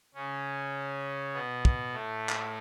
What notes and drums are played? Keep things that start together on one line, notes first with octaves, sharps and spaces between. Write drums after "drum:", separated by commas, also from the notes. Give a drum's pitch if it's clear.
C#3 C#4
B2 B3
drum: kick
A2 A3
drum: clap